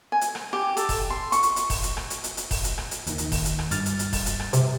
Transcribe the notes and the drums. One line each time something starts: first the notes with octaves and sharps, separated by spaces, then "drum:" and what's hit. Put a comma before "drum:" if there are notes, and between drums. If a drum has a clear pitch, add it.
G#5
drum: hi-hat
drum: rim click
G4
A4, drum: hi-hat
drum: kick F1, open hi-hat
C6
C#6, drum: hi-hat
drum: hi-hat
drum: hi-hat
drum: kick F1, open hi-hat
drum: hi-hat
drum: rim click
drum: hi-hat
drum: hi-hat
drum: hi-hat
drum: kick F1, open hi-hat
drum: hi-hat
drum: rim click
drum: hi-hat
D#2 D#3, drum: hi-hat
drum: hi-hat
drum: kick F1, open hi-hat
drum: hi-hat
drum: rim click
G2 F6 A6, drum: hi-hat
drum: hi-hat
drum: hi-hat
drum: kick F1, open hi-hat
drum: hi-hat
drum: rim click
C3, drum: hi-hat